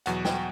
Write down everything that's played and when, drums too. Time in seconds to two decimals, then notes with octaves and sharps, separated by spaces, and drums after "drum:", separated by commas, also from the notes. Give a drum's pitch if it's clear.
0.06 E2 B2 F#3 F#5, drum: hi-hat
0.25 G5, drum: snare